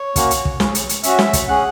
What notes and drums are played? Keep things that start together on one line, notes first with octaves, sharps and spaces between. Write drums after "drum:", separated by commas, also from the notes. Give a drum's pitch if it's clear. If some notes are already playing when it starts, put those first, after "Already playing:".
Already playing: C#5
A#3 C#4 F#4, drum: kick, hi-hat
drum: hi-hat
drum: kick
C#4 G#4, drum: snare
drum: hi-hat
drum: hi-hat
C#4 F#4 E5, drum: hi-hat
drum: snare
drum: kick, hi-hat
C#4 G#4 F#5